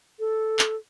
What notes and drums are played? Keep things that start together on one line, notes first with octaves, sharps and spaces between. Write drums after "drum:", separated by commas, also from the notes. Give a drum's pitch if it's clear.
A4
drum: clap